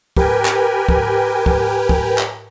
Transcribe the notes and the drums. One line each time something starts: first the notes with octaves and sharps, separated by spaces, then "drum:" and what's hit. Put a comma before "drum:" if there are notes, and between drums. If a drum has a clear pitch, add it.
G4 A#4 B4 G5 G#5, drum: kick
drum: clap
drum: kick
drum: kick
drum: kick
drum: clap